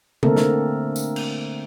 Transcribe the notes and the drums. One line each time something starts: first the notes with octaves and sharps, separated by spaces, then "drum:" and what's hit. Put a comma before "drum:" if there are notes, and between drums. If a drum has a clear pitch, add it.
D3 A3 A#3 C4 A4 A#4, drum: tom C3
drum: snare
drum: tambourine
drum: cymbal